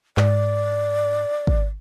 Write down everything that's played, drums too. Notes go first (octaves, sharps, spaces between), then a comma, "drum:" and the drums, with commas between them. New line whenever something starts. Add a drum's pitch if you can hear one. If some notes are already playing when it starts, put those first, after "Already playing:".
G#2 D5, drum: clap
drum: kick